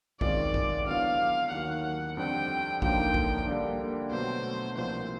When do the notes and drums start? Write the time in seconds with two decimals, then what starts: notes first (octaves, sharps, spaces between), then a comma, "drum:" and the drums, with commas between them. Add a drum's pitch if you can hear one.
0.21 F#2 D#3 G#3 C4 F4 D5, drum: kick
0.54 drum: kick
0.86 D3 F#3 B3 E4 F5
1.51 D#2 D#3 F#3 F#5
2.17 F2 D3 G3 C4 G5
2.82 F#2 D3 F3 A#3 D#4 G5, drum: kick
3.14 drum: kick
3.47 D3 G3 A#3 D4
4.11 B2 F#3 A3 C5
4.77 C2 A#2 F3 C5